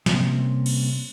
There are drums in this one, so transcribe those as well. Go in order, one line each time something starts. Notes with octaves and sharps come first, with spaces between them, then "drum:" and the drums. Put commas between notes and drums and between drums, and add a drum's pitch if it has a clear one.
C3 G3 A#3 C4 C#4, drum: snare
drum: cymbal